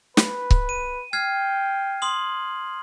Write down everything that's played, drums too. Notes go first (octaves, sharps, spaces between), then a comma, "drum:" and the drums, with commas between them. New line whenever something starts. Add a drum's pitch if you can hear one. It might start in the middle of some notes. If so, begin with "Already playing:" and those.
B4, drum: snare
drum: kick C#1
D#7
G5 F6 G#6 C7
C6 D#6 F#7